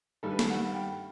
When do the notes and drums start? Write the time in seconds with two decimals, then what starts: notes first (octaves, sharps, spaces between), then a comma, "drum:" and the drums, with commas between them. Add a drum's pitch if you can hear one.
0.23 G2 D#3 G3 A4
0.31 B4
0.39 A4, drum: snare
0.49 F#5
0.74 G5